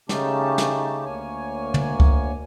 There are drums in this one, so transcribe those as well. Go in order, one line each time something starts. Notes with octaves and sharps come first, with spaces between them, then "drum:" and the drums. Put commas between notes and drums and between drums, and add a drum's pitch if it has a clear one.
C#3 A3 C#4 D#4 G4 A5, drum: snare
drum: snare
D2 A#3 C#5 G#5
drum: tom
drum: kick C#2